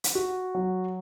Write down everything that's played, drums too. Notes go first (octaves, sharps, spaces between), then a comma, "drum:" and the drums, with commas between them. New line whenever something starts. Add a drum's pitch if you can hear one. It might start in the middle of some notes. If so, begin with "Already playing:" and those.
drum: hi-hat
F#4
F#3